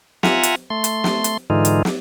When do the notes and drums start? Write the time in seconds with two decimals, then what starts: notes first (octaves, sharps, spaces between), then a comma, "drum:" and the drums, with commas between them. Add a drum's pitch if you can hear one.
0.23 F4 E5 F#5 G#5 A#5, drum: snare
0.43 drum: hi-hat
0.70 A3 C6
0.84 drum: hi-hat
1.04 drum: snare
1.24 drum: hi-hat
1.50 G#2 D3 E3 G#3 D#4 F4
1.65 drum: hi-hat
1.85 drum: snare